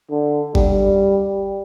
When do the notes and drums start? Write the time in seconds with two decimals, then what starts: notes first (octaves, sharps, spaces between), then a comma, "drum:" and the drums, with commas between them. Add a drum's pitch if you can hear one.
0.11 D3
0.55 G3, drum: kick G1